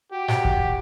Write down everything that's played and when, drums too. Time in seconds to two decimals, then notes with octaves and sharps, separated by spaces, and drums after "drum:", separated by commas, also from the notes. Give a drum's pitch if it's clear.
0.12 F#4 G4
0.28 drum: snare G#2
0.45 drum: kick